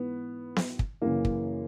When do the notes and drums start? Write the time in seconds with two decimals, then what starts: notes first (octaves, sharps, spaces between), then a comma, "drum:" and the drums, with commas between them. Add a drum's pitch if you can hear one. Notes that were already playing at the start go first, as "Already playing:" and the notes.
Already playing: G#2 E3 B3
0.56 drum: snare B3
0.79 drum: kick
1.02 F#2 C#3 E3 A#3
1.25 drum: kick